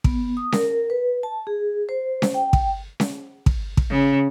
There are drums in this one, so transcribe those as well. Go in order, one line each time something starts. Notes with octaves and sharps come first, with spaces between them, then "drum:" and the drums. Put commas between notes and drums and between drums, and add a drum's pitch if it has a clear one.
B3, drum: kick
D#6
A#4, drum: snare C#4
B4
A5
G#4
C5
drum: snare C#4
G5
drum: kick
drum: snare C#4
drum: kick
drum: kick
C#3